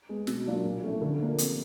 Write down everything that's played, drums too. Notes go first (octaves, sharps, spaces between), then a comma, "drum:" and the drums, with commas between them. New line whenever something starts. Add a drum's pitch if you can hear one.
G#3 B3
B2, drum: snare
F#3 A#3 D4 F4
A#2
F3 A3 C#4 E4
D3
F3 A#3 D4
C3, drum: hi-hat